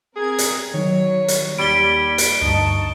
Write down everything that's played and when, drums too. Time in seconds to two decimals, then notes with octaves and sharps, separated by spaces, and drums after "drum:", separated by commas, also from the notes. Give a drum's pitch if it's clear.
0.16 C4 G#4 A#4 G#6
0.38 drum: hi-hat
0.74 D#3 F#3 C#5
1.28 drum: hi-hat
1.58 D#2 G3 B5 G#6 B6 D7 G7
2.18 drum: hi-hat
2.41 D2 G2 D#4 A5 C#6